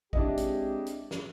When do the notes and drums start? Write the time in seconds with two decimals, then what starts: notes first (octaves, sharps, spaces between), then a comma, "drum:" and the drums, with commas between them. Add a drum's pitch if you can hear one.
0.13 G#3 C4 D4 E4 G4 D#5, drum: kick
0.37 drum: hi-hat
0.86 drum: hi-hat
1.11 drum: snare